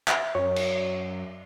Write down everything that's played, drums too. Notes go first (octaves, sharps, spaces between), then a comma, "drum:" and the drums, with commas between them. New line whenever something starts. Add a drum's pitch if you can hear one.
E5, drum: clap
F#2 C#5
drum: cymbal